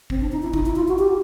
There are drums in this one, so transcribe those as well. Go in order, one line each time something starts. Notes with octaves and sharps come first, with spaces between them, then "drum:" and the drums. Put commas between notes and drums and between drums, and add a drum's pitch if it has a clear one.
C4, drum: kick
D4
D#4
E4
D#4, drum: kick
E4
F4
F#4
G4